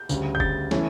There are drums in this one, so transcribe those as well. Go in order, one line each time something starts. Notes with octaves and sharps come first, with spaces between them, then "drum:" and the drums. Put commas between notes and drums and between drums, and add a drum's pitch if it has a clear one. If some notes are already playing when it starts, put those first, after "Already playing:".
Already playing: G6
D2 C#3 G3, drum: tambourine
G6
A6, drum: kick F1
E3 A3 C#4, drum: snare